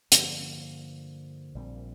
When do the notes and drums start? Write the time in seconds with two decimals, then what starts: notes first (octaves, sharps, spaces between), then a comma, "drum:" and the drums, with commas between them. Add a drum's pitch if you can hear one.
0.12 G2 D3 F3 A#3, drum: hi-hat
1.54 A#1 A#2 G3 C4